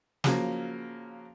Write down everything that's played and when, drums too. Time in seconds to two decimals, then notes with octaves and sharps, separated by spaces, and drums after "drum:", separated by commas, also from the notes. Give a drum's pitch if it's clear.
0.24 C#3 F3 F#3 A#3, drum: snare